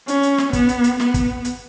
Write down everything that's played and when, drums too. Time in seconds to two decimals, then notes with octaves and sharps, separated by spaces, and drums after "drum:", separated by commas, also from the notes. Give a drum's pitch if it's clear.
0.08 C#4, drum: hi-hat
0.23 drum: hi-hat
0.38 drum: snare
0.53 B3, drum: kick, hi-hat
0.69 drum: hi-hat
0.84 drum: hi-hat
1.00 B3, drum: snare
1.14 drum: kick, hi-hat
1.45 drum: hi-hat